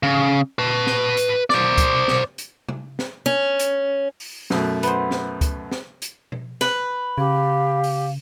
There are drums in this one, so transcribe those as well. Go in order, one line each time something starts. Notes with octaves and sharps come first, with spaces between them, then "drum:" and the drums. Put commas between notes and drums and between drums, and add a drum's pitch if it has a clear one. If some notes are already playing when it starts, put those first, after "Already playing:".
C#3
B4 A5
drum: snare
drum: hi-hat
C5 D5, drum: snare
drum: kick, hi-hat
drum: snare
drum: hi-hat
drum: tom C3
drum: snare
C#4
drum: hi-hat
drum: open hi-hat
F#2 B2 A3, drum: snare
B3 C5, drum: hi-hat
drum: snare
drum: kick, hi-hat
drum: snare
drum: hi-hat
drum: tom B2
B4, drum: snare
C#3 G4 F5
drum: open hi-hat